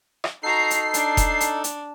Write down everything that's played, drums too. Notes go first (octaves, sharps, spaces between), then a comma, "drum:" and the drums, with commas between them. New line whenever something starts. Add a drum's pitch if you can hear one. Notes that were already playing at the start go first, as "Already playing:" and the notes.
drum: rim click
D#4 F#4 A4 A#5 C7
drum: hi-hat
D4, drum: hi-hat
drum: kick F1, hi-hat
drum: hi-hat
drum: hi-hat